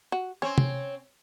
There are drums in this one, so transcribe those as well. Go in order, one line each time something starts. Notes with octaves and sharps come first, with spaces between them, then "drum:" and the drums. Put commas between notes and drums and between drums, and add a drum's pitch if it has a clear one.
F#4
C4 C#4 C#5
drum: tom C3